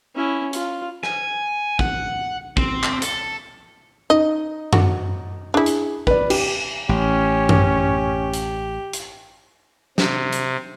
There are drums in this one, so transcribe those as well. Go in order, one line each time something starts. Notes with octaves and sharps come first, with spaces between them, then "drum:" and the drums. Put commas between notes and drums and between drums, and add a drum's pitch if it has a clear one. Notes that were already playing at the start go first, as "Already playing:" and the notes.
C#4 E4
F4, drum: hi-hat
G#5, drum: rim click
F#5, drum: kick
C4, drum: kick
drum: clap
A4, drum: hi-hat
D#4 D#5
F#4, drum: tom F#2
D4 E4 G#4
drum: hi-hat
B4 D5, drum: kick
G4, drum: cymbal
A1 C#4 G4
drum: tom F#2
drum: hi-hat
drum: hi-hat
C3, drum: snare
drum: hi-hat